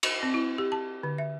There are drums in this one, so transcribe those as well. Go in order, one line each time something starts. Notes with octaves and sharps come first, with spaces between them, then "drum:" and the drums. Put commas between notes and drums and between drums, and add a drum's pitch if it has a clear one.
drum: cymbal
C4
E4
G4
A5
D3
E5